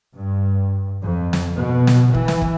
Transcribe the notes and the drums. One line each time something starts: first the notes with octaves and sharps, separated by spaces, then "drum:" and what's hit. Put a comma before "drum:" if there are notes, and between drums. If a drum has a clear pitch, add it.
G2
F2
drum: snare
B2
drum: snare
E3, drum: kick
drum: snare
drum: kick